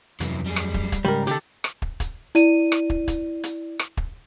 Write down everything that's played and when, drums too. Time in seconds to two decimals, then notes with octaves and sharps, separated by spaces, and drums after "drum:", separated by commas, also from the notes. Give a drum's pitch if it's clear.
0.20 F2 C3 E3 F#3, drum: hi-hat
0.46 G3 G#4
0.56 drum: rim click
0.74 drum: kick
0.92 drum: kick, hi-hat
1.05 G#2 C#3 G3 A#4
1.27 D#3 G4 A4, drum: hi-hat
1.64 drum: rim click
1.82 drum: kick
2.00 drum: kick, hi-hat
2.35 E4 D5 D#7, drum: hi-hat
2.72 drum: rim click
2.90 drum: kick
3.08 drum: kick, hi-hat
3.44 drum: hi-hat
3.79 drum: rim click
3.97 drum: kick